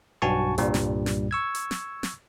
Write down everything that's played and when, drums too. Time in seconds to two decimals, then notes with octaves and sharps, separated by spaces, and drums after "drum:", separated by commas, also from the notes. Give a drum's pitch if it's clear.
0.22 B1 G2 F#4 G#5 A5 C#6
0.58 C2 G2 A#2 G3, drum: hi-hat
0.74 drum: snare
1.06 drum: snare
1.31 C#6 E6 G#6
1.55 drum: hi-hat
1.71 drum: snare
2.03 drum: snare